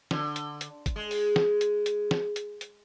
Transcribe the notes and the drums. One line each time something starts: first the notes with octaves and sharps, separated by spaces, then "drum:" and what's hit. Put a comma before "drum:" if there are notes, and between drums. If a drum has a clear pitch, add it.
D3, drum: snare
drum: hi-hat
drum: hi-hat
drum: kick, hi-hat
G#3
drum: open hi-hat
drum: snare
drum: hi-hat
drum: hi-hat
drum: snare
drum: hi-hat
drum: hi-hat